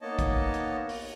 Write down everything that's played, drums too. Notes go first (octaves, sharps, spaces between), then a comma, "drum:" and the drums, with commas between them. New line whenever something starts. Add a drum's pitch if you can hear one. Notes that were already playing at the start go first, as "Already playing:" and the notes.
A#3 B3 D#4 C#5 D#5 A5
drum: kick, hi-hat
drum: hi-hat
drum: open hi-hat